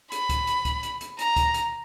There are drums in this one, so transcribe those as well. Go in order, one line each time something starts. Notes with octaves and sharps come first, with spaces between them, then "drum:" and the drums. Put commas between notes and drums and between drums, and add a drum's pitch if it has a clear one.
B5, drum: hi-hat
drum: kick C#2, hi-hat
drum: hi-hat
drum: kick C#2, hi-hat
drum: hi-hat
drum: hi-hat
A#5, drum: hi-hat
drum: kick C#2, hi-hat
drum: hi-hat